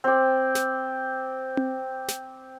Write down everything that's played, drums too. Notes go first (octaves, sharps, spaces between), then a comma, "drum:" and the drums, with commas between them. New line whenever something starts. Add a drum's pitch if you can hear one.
C4 D5
drum: snare
drum: tom C4
drum: snare